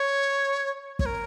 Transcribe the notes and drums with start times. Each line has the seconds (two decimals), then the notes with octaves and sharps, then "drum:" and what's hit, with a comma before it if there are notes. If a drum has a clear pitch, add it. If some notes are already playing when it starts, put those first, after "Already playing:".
Already playing: C#5
0.99 C#5, drum: kick
1.06 A#4